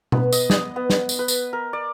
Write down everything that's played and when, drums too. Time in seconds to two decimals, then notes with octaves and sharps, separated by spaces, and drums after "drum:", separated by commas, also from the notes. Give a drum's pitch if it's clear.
0.12 B3, drum: tom B2
0.33 D#5, drum: tambourine
0.50 D#6, drum: snare
0.76 B3
0.90 drum: snare
1.09 drum: tambourine
1.19 B4
1.28 drum: tambourine
1.53 A#4
1.73 D5